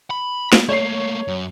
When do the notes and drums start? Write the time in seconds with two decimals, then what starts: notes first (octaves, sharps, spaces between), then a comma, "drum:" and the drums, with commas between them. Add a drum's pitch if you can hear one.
0.10 B5
0.53 drum: snare
0.69 A3 A#3 C#5 C7
1.28 F#2